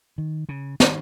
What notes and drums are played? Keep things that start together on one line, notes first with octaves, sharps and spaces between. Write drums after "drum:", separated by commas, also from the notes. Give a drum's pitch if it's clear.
D#3
C#3
D#3, drum: snare